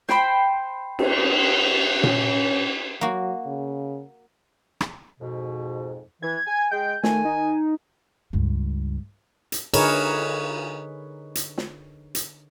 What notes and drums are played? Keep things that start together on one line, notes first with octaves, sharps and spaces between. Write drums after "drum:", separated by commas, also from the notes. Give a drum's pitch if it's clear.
C5 G5 B5 C6, drum: snare
drum: cymbal
C#4, drum: tom A#2
F#3 A#3 F#4
C#3
drum: rim click
F2 G#2 B2
E3 G#6
G#5
G#3 G5 G6
D#3 A3 G#5, drum: snare
D#4
C#2 G2
drum: hi-hat
D3 D#4 G#4 A#4 B4 C#5, drum: cymbal
drum: hi-hat
drum: snare
drum: hi-hat